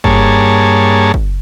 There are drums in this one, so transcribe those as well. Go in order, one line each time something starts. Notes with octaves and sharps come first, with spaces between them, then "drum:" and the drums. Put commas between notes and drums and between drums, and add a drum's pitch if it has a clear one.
G2 A#3 G#4 C#5 A5, drum: kick
drum: kick